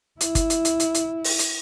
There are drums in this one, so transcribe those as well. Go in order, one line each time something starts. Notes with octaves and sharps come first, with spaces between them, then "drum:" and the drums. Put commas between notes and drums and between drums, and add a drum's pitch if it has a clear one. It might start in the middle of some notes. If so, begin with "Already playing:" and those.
E4, drum: hi-hat
drum: kick G1, hi-hat
drum: hi-hat
drum: hi-hat
drum: hi-hat
drum: hi-hat
drum: open hi-hat
drum: hi-hat